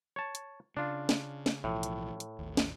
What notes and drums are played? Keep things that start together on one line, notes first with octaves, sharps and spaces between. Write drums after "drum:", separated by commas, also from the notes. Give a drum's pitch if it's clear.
C#5 A5
drum: hi-hat
C#3 D4 F4
drum: snare
drum: snare
B1 A2 E3 F3
drum: hi-hat
drum: hi-hat
A1 D#2
drum: snare